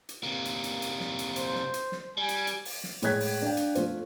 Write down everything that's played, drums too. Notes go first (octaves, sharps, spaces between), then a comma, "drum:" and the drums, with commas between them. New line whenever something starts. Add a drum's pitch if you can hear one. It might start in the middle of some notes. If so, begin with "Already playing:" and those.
drum: hi-hat
C3 A#3
drum: hi-hat
drum: hi-hat
drum: hi-hat
drum: snare
drum: hi-hat
C5, drum: hi-hat
drum: snare
drum: hi-hat
drum: snare
G3 G#5
drum: hi-hat
drum: hi-hat
drum: open hi-hat
drum: snare
A2 G#3 C#5 F#6 G#6 B6, drum: hi-hat
drum: open hi-hat
D4 F5 G5
drum: hi-hat
A3 F4 C5, drum: hi-hat